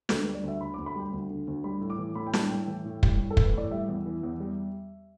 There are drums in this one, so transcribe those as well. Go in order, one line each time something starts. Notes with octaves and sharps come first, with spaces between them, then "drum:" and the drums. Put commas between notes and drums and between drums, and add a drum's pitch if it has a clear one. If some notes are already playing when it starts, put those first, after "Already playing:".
D2 A4, drum: snare
G3 B4
D5
D2 E5
D3 B5
D2 D6
B5
G3 G5
D2
D3
D2
G3 B5
A2
D6
E3
A2 B5
G5
G3 A5, drum: snare
A2 G5
E3
A2
G3, drum: kick
A2
A4
E3, drum: kick
B4
A2 D5
G3 E5
E2
E3
E2
G3